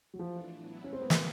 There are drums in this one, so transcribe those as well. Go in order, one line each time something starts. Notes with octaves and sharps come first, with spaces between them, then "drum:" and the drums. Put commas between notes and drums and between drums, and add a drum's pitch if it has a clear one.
F#3
E3 F3 A3 D4
A2 F#3 B3 E4
A2 E3 G#3 C4 C#4
C4
B3
A#3, drum: snare